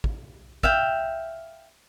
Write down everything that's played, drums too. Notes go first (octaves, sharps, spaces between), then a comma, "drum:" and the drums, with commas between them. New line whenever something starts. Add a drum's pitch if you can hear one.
drum: kick
E5 F5 G5, drum: kick